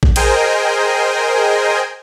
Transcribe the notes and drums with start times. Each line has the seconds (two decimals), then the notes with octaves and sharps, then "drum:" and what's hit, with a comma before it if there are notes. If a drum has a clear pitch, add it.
0.03 drum: kick A1
0.16 G#4 A#4 C5 D#5 G5 G#5, drum: cymbal